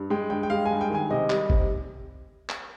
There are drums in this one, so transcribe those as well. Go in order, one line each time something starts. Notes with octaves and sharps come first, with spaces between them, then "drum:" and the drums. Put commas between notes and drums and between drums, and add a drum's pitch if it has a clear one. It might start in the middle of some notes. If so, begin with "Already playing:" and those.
Already playing: G2
G#3 G5
G2 G5
G5
G#3 F5
G#5
G2
G5
D#3 G#5
C3 D#5
G3, drum: clap
C3, drum: kick G1
drum: clap